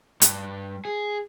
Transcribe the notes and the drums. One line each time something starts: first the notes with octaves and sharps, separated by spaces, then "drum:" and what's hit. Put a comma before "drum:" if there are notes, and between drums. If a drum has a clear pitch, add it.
G2, drum: hi-hat
G#4